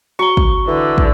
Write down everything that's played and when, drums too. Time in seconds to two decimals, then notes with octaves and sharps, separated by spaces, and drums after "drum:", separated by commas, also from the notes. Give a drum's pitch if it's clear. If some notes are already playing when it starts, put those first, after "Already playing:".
0.19 F#4 A#5 C#6 G7
0.37 drum: kick
0.67 D3 E3
0.98 drum: kick